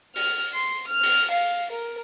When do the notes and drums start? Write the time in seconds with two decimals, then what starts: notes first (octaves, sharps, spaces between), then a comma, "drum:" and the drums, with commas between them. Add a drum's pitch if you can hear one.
0.15 F6, drum: open hi-hat
0.53 C6
0.87 F6
1.03 drum: open hi-hat
1.31 F5
1.71 A#4